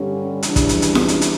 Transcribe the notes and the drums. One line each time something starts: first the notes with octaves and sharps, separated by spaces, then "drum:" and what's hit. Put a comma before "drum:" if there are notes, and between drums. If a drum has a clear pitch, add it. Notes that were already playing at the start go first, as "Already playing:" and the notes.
Already playing: G2 D3 G3 C#4
C#3 E3 G3 D4, drum: hi-hat
drum: kick, hi-hat
drum: hi-hat
drum: hi-hat
drum: snare F4
drum: hi-hat
drum: hi-hat